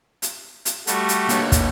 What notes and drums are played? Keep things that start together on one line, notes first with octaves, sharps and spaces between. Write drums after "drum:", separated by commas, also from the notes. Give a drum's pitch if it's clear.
drum: hi-hat
drum: hi-hat
G3 A3 F#4, drum: hi-hat
drum: hi-hat
A#3 D4 C#5, drum: hi-hat
drum: kick, hi-hat